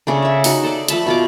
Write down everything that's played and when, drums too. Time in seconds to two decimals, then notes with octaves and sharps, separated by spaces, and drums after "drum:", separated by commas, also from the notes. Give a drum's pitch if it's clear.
0.07 C#3 A3 D4
0.22 C#5 E5
0.44 D#4 F#4, drum: open hi-hat
0.63 A4 C5 D5
0.88 F3 A3 A5 B5, drum: hi-hat
1.06 B2 F4 D6